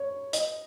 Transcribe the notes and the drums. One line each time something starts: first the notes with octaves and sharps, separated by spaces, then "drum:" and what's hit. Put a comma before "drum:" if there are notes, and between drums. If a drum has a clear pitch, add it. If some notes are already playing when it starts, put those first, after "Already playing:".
Already playing: C#5
D#5, drum: hi-hat